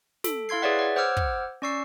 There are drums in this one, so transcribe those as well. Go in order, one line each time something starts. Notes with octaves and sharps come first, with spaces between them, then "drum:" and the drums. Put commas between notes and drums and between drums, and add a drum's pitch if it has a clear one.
A4, drum: snare
E4 F5 C6 G#6 C7
G#4 B4 C#5 D5 E5 F#5
C#5 F#5
C5 F#5 D6 E6 F6 G#6
drum: kick
C#4 D5 C#6 E6 C7